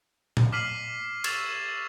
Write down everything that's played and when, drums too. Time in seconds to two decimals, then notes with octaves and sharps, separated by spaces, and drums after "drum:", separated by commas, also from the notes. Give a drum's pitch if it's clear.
0.37 drum: tom A#2
0.52 D6 F6 B6 C7 D#7 F#7
1.24 C#6 E6 G#6 A6 E7 F7, drum: cymbal